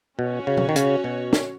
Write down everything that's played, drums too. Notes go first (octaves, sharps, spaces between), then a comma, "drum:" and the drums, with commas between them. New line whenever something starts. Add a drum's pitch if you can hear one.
B2 C#4 F#4 C#5
C#3
drum: tom B2
D#3
C#3, drum: hi-hat
B2
drum: snare